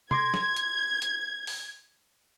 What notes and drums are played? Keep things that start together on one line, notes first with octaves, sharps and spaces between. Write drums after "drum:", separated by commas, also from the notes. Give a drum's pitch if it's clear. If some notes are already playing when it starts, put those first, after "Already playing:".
C6 D6 G#6 A#6, drum: tom
drum: snare
drum: hi-hat
drum: hi-hat
drum: open hi-hat